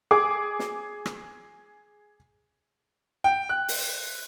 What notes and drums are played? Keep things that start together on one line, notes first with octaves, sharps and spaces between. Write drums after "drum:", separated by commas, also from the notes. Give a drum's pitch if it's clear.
G#4 D6
drum: snare
drum: rim click
G5
F#6
drum: open hi-hat